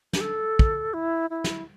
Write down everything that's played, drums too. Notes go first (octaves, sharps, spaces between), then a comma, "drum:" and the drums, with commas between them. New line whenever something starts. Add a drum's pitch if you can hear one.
G4, drum: snare
A4
drum: kick
E4
E4
drum: snare